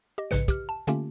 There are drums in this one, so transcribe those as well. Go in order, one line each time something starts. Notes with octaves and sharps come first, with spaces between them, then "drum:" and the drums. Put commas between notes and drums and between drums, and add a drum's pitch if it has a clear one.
G4 D#5
A#1 G#2 C#3 B4 C#7, drum: snare
G4 F6, drum: kick, hi-hat
A5
D3 A3 A#3 C#4 F4 G4, drum: hi-hat